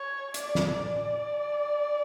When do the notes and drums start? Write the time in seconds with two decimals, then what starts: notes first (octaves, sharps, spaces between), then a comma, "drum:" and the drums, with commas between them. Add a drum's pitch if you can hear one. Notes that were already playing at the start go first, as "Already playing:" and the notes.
Already playing: C#5
0.34 D5, drum: hi-hat
0.55 drum: snare
0.75 D5